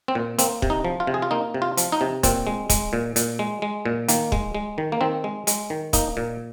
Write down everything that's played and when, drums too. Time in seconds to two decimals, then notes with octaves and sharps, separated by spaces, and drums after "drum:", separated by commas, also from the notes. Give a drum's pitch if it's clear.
0.08 C4
0.15 A#2
0.38 A#3 C4, drum: hi-hat
0.62 C3, drum: kick
0.70 D#4
0.85 F3
1.00 F4
1.07 C3
1.14 G#4
1.22 F4
1.31 A#3 D#4
1.54 C3
1.62 F4
1.77 F3, drum: hi-hat
1.92 D#4
2.01 C3
2.23 A#2 C4, drum: kick, hi-hat
2.47 G#3
2.70 G#3, drum: kick, hi-hat
2.93 A#2
3.16 A#2, drum: hi-hat
3.39 G#3
3.62 G#3
3.86 A#2
4.08 D#3 A#3, drum: hi-hat
4.32 G#3, drum: kick
4.55 G#3
4.78 D#3
4.92 A#3
5.01 D#3 C4
5.24 G#3
5.47 G#3, drum: hi-hat
5.70 D#3
5.93 A#3 D#4, drum: kick, hi-hat
6.17 A#2